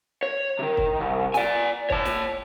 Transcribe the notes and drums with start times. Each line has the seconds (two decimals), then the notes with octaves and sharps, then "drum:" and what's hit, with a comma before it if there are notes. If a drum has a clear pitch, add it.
0.23 C#5
0.59 C3 D#3
0.77 drum: kick
1.00 C2
1.34 D5 G#5, drum: snare
1.90 C#5 A5, drum: kick
2.05 drum: snare